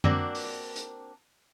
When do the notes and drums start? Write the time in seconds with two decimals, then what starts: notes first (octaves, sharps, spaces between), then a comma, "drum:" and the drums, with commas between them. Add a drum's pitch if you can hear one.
0.04 A#3 C4 D4 F#4 A#4, drum: tom F#2
0.35 drum: open hi-hat
0.76 drum: hi-hat